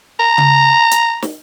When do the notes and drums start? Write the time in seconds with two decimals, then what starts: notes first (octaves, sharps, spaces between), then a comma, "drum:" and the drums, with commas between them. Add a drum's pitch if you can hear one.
0.19 A#5
0.38 drum: tom C#3
0.91 drum: hi-hat
1.22 drum: snare